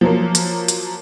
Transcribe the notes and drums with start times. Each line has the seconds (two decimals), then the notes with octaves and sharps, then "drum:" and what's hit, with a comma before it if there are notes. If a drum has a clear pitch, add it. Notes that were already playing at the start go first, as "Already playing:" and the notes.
0.01 F3 F#3 A#3
0.35 drum: hi-hat
0.68 drum: hi-hat